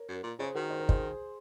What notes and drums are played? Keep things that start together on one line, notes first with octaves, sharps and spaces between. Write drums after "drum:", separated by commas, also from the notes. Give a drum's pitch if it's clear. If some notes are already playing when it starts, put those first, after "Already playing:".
Already playing: A#4 C#5
F#2
A#2
C#3 G#4 C5
D#3 F#4 A#4
C5
A#4
G#4 C5, drum: kick